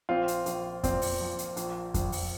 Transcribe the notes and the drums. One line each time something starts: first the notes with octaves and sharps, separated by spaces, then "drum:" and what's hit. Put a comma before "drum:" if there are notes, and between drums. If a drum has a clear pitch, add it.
A#1 C4 F4
drum: hi-hat
A#1, drum: hi-hat
A#2 C4, drum: kick F2, hi-hat
drum: open hi-hat
F3
drum: hi-hat
A#1, drum: hi-hat
A#1, drum: kick F2, hi-hat
drum: open hi-hat